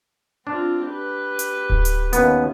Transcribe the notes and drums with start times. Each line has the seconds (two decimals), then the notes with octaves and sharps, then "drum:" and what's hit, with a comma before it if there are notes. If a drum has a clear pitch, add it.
0.47 C4 D4 F4
0.85 G4 B4
1.39 drum: hi-hat
1.70 drum: kick D1
1.85 drum: hi-hat
2.13 D#2 B3 C#4, drum: hi-hat